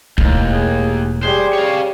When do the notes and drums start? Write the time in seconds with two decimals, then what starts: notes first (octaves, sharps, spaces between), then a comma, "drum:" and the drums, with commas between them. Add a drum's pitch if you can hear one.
0.18 E1 D#2 A2 D#4, drum: kick
0.52 G#4
1.23 G3 G#4 C5
1.54 C#5 F5